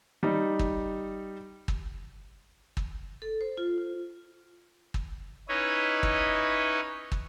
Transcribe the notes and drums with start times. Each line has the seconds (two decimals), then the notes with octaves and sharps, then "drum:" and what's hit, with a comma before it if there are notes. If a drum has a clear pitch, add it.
0.23 G3 D#4
0.59 drum: kick
1.68 drum: kick
2.77 drum: kick
3.22 A4
3.41 C5
3.57 F4
3.78 F4
4.94 drum: kick
5.49 C#4 D#4 E4 B4 C#5 D#5
6.03 drum: kick
7.12 drum: kick